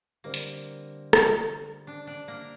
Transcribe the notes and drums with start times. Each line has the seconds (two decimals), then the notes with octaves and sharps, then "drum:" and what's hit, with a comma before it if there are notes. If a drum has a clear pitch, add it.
0.24 D3 G3 A#3 C4 A#4 D5
0.34 drum: hi-hat
1.13 drum: rim click
1.87 D4
2.07 D4
2.28 A#3